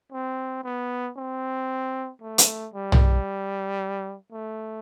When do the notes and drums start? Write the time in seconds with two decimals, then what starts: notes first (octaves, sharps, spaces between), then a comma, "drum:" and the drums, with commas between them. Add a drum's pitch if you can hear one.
0.12 C4
0.64 B3
1.16 C4
2.22 A3
2.38 drum: hi-hat
2.74 G3
2.92 drum: tom
4.32 A3